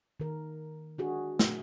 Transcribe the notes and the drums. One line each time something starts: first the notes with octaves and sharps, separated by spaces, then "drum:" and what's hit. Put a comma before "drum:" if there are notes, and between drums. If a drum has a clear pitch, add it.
D#3 A#4
D4 F#4 G#4
drum: snare